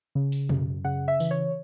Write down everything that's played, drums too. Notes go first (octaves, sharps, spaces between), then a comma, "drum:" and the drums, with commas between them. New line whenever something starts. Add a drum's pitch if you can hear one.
C#3
drum: open hi-hat
F#2, drum: tom B2
C#3 F#5
E5
E3, drum: tambourine
C#5